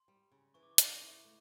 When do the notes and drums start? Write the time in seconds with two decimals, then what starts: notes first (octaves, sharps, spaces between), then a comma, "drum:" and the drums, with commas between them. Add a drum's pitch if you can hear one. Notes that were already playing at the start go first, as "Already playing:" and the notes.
Already playing: C6
0.08 G3
0.32 C#3
0.54 E3 C#6
0.63 D6
0.71 C#6
0.78 C#3, drum: hi-hat
1.02 E4
1.25 A3